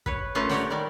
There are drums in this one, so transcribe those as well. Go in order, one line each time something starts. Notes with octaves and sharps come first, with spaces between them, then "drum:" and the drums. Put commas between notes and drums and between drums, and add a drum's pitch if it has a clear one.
B4 C#5, drum: kick
A3 A#3 C#4 F4 B4 A5
G4 A#4 C#5 D5 F#5 G5, drum: snare
D#3 G3 A#4 D5